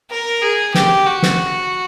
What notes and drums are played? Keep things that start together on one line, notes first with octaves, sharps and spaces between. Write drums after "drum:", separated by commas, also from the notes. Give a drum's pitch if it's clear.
A#4
G#4
G4, drum: snare
F#4
drum: snare